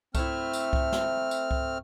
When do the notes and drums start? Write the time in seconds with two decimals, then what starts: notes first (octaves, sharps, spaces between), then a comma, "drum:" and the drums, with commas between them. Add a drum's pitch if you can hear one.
0.15 A3 C4 E4 F6, drum: kick C2, tambourine
0.53 drum: tambourine
0.73 drum: kick C2
0.92 drum: snare
1.31 drum: tambourine
1.51 drum: kick C2